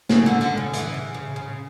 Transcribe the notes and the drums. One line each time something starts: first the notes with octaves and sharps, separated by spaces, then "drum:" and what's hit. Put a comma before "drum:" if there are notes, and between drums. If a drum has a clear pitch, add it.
C#3, drum: snare A#3
D3
D3
C#3
E3, drum: hi-hat
C#3
C#3
C#3